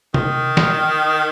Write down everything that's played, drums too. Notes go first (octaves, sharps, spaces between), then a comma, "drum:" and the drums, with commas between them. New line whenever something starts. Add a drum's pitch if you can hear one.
D#3, drum: tom C3
drum: snare